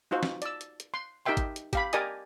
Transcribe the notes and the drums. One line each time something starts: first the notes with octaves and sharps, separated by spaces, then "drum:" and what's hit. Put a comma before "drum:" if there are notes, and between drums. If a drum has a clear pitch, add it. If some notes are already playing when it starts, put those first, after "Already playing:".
D#4 F4 F#4 C5
drum: snare
D5 E6, drum: hi-hat
drum: hi-hat
drum: hi-hat
C6
D#4 G4 A#4 E5 G5 C6
drum: kick G#1, hi-hat
drum: hi-hat
G4 F5 B5, drum: kick G#1, hi-hat
G4 A#4 D5 D#5 G#5 D#6, drum: hi-hat